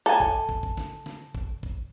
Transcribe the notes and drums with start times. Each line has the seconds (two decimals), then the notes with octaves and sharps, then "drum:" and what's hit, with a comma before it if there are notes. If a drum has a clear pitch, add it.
0.06 A4 G#5
0.20 drum: kick
0.49 drum: kick
0.63 drum: kick
0.77 drum: snare
1.06 drum: snare
1.35 drum: kick
1.63 drum: kick